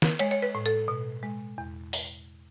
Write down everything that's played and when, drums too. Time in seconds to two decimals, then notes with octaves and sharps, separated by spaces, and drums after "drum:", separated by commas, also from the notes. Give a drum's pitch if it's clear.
0.02 drum: snare
0.19 G#3 C#5, drum: cymbal
0.31 C#5
0.42 B4
0.55 A2
0.66 A4
0.88 B2
1.23 G#3
1.58 E2
1.93 drum: open hi-hat